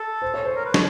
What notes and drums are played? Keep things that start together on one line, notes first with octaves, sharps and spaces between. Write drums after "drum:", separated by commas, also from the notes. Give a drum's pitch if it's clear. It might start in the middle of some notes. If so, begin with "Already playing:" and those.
Already playing: A4
C5
C#5
C5
A#4
B4
C#5, drum: snare